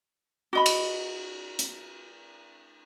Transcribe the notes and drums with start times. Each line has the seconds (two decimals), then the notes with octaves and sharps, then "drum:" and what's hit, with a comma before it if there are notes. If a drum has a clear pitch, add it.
0.53 F#4 D#5 B5
0.66 drum: cymbal
1.59 drum: hi-hat